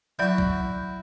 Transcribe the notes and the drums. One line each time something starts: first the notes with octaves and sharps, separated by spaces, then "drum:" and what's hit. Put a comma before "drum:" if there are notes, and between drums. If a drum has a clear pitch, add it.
F#3 E4 F#4 D5 G6
drum: kick B1